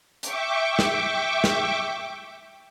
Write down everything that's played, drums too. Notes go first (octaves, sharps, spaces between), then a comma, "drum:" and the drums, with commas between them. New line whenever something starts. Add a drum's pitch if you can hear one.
E5 G5 C#6 D6, drum: hi-hat
drum: snare
drum: snare